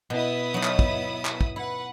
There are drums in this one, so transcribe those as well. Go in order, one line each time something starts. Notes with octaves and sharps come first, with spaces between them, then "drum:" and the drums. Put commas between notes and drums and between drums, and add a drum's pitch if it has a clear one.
B2 B3 E4 D#6
F#3 D#4
drum: clap
drum: kick
drum: clap
drum: kick
E4 B4 F#5